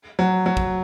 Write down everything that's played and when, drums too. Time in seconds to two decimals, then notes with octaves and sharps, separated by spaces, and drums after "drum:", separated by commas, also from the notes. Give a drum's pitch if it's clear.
0.19 F#3
0.46 F#3
0.57 drum: kick